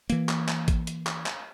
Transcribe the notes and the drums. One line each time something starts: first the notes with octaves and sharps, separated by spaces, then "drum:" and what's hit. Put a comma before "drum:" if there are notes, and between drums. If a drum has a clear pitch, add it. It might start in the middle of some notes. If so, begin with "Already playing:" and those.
E3 A#3, drum: hi-hat
drum: clap
drum: clap
drum: kick A1, hi-hat
drum: hi-hat
drum: clap
drum: clap